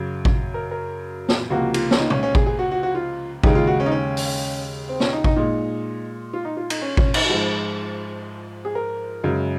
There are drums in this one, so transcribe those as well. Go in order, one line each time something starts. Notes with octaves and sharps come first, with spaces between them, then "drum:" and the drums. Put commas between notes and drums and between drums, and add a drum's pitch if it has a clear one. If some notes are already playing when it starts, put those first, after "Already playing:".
Already playing: F#2 C#3 F#3
drum: kick G#1
A#4
A#4
drum: snare
C#2 C3 F3 A#3 F#4
F4, drum: cymbal
C#4, drum: snare
D#4
C#4, drum: tom C3
C#4
G#4, drum: kick G#1
G#4
F#4
F#4
F#4
F4
D#2 C#3 G#3 D#4, drum: kick G#1
F4
F#4
C#4
D#4
C#4
drum: open hi-hat
C4
C#4, drum: snare
D#4
D#4, drum: kick G#1
A#2 G#3 D#4
F4
D#4
F4
D#4, drum: cymbal
C#4
C#4, drum: kick G#1
D#4, drum: cymbal
F#4
G#2 F3 G#3 F4
G#4
A#4
F#2 C#3 G#3